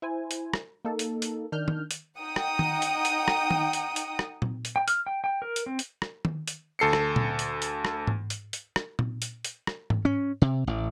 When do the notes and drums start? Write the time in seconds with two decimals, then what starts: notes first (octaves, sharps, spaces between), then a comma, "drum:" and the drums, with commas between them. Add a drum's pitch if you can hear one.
0.02 E4 C5 G#5
0.31 drum: hi-hat
0.54 drum: rim click
0.85 A#3 D#4 A4
0.99 drum: hi-hat
1.22 drum: hi-hat
1.52 D#3 D4 F6 G6
1.68 drum: tom D#3
1.91 drum: hi-hat
2.18 D#4 F#5 G5 A#5 D#6
2.36 drum: rim click
2.59 drum: tom D#3
2.82 drum: hi-hat
3.05 drum: hi-hat
3.28 drum: rim click
3.51 drum: tom D#3
3.73 drum: hi-hat
3.96 drum: hi-hat
4.19 drum: rim click
4.42 drum: tom A#2
4.65 drum: hi-hat
4.76 G5
4.88 F6, drum: hi-hat
5.07 G5
5.24 G5
5.42 A#4
5.56 drum: hi-hat
5.66 C4
5.79 drum: hi-hat
6.02 drum: rim click
6.25 drum: tom D#3
6.48 drum: hi-hat
6.79 D2 A4 C7 C#7
6.93 drum: rim click
7.16 drum: tom A#2
7.39 drum: hi-hat
7.62 drum: hi-hat
7.85 drum: rim click
8.07 drum: tom G#2
8.30 drum: hi-hat
8.53 drum: hi-hat
8.76 drum: rim click
8.99 drum: tom A#2
9.22 drum: hi-hat
9.45 drum: hi-hat
9.67 drum: rim click
9.90 drum: tom G#2
10.05 C#4
10.42 C3
10.67 A1